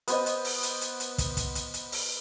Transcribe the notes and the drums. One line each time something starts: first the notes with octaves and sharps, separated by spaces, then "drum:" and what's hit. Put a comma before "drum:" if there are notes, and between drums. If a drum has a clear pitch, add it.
B3 C5 D#5, drum: hi-hat
drum: hi-hat
drum: open hi-hat
drum: hi-hat
drum: hi-hat
drum: hi-hat
drum: kick, hi-hat
drum: kick, hi-hat
drum: hi-hat
drum: hi-hat
drum: open hi-hat